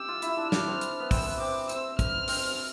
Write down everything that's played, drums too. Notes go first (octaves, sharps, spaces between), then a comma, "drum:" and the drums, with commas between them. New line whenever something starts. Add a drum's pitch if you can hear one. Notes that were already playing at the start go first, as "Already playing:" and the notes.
Already playing: G4 E6
F4
E4, drum: hi-hat
D4
D4 F6, drum: snare
C4
drum: hi-hat
B3
C4 E6, drum: kick, open hi-hat
B3
C4 D6
C4 E6, drum: hi-hat
F6, drum: kick, hi-hat
C4, drum: open hi-hat